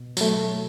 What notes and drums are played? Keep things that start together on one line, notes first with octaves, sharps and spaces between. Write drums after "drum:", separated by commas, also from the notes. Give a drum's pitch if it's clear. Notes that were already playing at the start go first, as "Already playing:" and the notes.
Already playing: B2
F#3 A3, drum: tambourine